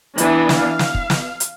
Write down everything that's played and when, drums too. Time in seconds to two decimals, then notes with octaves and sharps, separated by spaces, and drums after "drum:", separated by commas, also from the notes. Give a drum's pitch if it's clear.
0.18 E3 B3 D4, drum: hi-hat
0.49 F5, drum: snare
0.79 drum: snare
0.94 drum: kick
1.10 drum: snare
1.40 drum: hi-hat